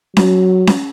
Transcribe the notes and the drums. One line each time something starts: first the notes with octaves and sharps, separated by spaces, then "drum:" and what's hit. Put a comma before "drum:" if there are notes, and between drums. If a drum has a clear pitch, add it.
F#3, drum: snare C#4
drum: snare C#4